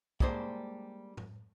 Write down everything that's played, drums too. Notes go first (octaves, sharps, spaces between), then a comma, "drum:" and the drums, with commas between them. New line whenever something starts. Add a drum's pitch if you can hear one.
G3 G#3 A#3 D4 C5, drum: kick
drum: tom